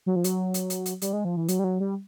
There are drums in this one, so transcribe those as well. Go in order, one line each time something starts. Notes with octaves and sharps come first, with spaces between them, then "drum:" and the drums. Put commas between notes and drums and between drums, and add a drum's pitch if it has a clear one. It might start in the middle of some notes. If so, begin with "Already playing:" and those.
F#3
F3
F#3, drum: hi-hat
drum: hi-hat
drum: hi-hat
drum: hi-hat
G3, drum: hi-hat
G#3
F3
E3
F#3, drum: hi-hat
G3
F#3
G3